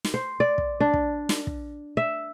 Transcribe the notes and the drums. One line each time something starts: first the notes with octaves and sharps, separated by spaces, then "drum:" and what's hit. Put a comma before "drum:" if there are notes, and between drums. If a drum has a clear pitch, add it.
drum: snare
C5
D5
drum: kick
D4
drum: kick
drum: snare
drum: kick
E5